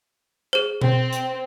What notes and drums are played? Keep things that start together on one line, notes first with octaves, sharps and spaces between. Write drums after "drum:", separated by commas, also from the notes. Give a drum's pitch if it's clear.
G#4 C5
C4, drum: tom B2
drum: hi-hat